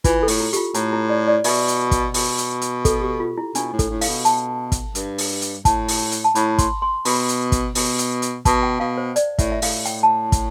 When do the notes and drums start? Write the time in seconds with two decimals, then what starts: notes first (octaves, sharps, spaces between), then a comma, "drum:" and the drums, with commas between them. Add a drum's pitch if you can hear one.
0.04 E3 F4, drum: kick, hi-hat
0.23 A4
0.28 A2, drum: open hi-hat
0.40 E4
0.53 G4, drum: hi-hat
0.57 F4
0.74 A2 E4, drum: hi-hat
0.93 E4
1.09 D5
1.28 D5
1.44 B2 E5, drum: open hi-hat
1.68 drum: hi-hat
1.91 drum: kick, hi-hat
2.14 B2, drum: open hi-hat
2.38 drum: hi-hat
2.61 drum: hi-hat
2.85 A4, drum: kick, hi-hat
3.02 G4
3.20 F4
3.38 E4
3.55 B2 D4, drum: hi-hat
3.73 A2
3.79 A4, drum: kick, hi-hat
3.90 A2
4.01 F5, drum: open hi-hat
4.08 B2
4.25 A5, drum: hi-hat
4.72 drum: kick, hi-hat
4.95 G2, drum: hi-hat
5.18 drum: open hi-hat
5.42 drum: hi-hat
5.65 A2 A5, drum: kick, hi-hat
5.88 drum: open hi-hat
6.12 drum: hi-hat
6.24 A5
6.35 A2 B5, drum: hi-hat
6.58 C6, drum: kick, hi-hat
6.82 C6
7.05 B2 B5, drum: open hi-hat
7.29 drum: hi-hat
7.52 drum: kick, hi-hat
7.75 B2, drum: open hi-hat
7.99 drum: hi-hat
8.22 drum: hi-hat
8.45 B2 A5, drum: kick, hi-hat
8.63 G5
8.80 B2 F5
8.98 C5
9.16 D5, drum: hi-hat
9.39 A2 E5, drum: kick, hi-hat
9.52 E5
9.62 A2 F5, drum: open hi-hat
9.85 G5, drum: hi-hat
10.03 A5
10.32 drum: kick, hi-hat